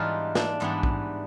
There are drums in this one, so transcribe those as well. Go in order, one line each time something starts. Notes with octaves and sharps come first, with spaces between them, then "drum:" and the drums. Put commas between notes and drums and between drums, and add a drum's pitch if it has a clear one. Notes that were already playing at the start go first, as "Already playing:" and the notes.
Already playing: G#2 E3 G3 B3 D4 D#4 F4
D4, drum: snare
G#2 E3 G3 B3 D4
drum: kick